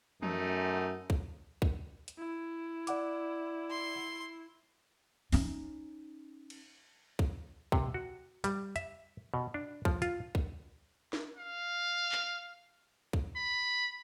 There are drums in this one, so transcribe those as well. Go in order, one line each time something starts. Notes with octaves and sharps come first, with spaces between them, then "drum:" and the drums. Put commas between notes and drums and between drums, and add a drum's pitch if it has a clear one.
F#2 A3 D#4, drum: tom E3
drum: kick
drum: kick
drum: hi-hat
E4
D5 F#5 D6, drum: hi-hat
C6
C#4 D#4, drum: open hi-hat
drum: cymbal
drum: kick
C3, drum: kick
F#4
G3, drum: hi-hat
E5, drum: hi-hat
B2
D4
F3, drum: kick
F4, drum: hi-hat
drum: kick
drum: snare
F5
drum: clap
drum: kick
B5